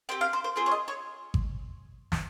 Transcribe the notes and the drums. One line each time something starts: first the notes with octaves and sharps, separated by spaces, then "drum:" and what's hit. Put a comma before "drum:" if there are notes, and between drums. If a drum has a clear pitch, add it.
C4 G4 G5
F5
C5
C5
C4 F4 G#4 C5
C#5
D#5
C#5
drum: kick G#1
drum: snare